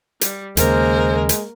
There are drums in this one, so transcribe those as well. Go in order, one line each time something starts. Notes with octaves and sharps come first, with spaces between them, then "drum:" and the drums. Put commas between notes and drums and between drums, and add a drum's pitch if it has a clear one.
G3, drum: hi-hat
D#2 C#3 G#3 A#3 A#4 C5, drum: hi-hat
drum: hi-hat